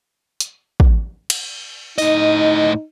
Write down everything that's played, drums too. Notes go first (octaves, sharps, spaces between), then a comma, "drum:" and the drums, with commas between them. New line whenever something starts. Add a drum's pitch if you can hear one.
drum: hi-hat
drum: kick
drum: cymbal
A2 D#4 D#5, drum: open hi-hat